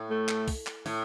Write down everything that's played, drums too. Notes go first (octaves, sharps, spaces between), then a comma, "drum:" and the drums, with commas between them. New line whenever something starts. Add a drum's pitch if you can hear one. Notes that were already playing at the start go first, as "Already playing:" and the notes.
Already playing: A2
A3
drum: clap
drum: kick, open hi-hat
drum: clap
A2, drum: open hi-hat